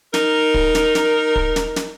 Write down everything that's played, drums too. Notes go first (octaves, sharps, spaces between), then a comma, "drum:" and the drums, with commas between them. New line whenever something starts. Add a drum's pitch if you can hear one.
D#4 A#4, drum: snare
drum: kick
drum: snare
drum: snare
drum: kick
drum: snare
drum: snare